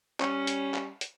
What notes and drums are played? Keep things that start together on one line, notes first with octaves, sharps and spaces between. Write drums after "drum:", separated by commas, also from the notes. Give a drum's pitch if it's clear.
G3 C#4, drum: clap
drum: hi-hat
drum: clap
drum: hi-hat